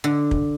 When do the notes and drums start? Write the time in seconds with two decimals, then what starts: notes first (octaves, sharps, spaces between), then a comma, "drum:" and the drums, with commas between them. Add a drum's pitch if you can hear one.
0.04 D3
0.31 drum: kick